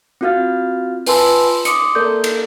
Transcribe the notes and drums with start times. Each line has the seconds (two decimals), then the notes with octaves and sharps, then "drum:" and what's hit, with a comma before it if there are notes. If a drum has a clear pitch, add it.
0.21 C4 F4 F#4 F5 F6 A6
1.07 F4 B4 G#5 A5 C6 E6, drum: open hi-hat
1.65 C6 D6 D#6 C#7, drum: hi-hat
1.95 A#3 A4 A#4 D5 G6
2.24 drum: cymbal